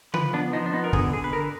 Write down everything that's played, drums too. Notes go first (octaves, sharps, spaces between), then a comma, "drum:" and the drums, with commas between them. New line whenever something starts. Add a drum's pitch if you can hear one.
F3 B4, drum: tom C#3
B3 D4
F3 D#4
D4
B3 D#4
A#4
D3 G#4, drum: kick
D3 G#4
B4
D3 A#4